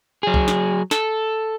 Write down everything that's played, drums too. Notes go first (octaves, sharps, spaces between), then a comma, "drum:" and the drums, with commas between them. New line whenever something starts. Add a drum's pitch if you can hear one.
F#3 G#4
drum: kick B1
drum: snare
A4, drum: snare